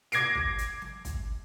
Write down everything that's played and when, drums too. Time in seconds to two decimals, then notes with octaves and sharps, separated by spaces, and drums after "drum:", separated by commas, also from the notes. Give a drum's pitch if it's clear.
0.12 D6 G#6 A#6 C7 D7, drum: hi-hat
0.35 drum: kick
0.58 drum: hi-hat
0.82 drum: snare
1.05 drum: kick, hi-hat